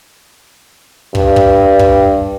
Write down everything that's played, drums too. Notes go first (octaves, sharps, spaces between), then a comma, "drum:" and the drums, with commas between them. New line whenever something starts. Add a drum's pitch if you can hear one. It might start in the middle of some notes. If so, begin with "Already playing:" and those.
G2, drum: kick
drum: kick
drum: kick